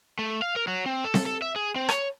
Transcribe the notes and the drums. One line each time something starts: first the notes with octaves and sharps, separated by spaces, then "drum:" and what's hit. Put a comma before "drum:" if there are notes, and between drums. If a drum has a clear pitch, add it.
A3
F5
A#4
F#3
C4
A4
drum: snare C4
A4
E5
G#4
C4
C#5, drum: rim click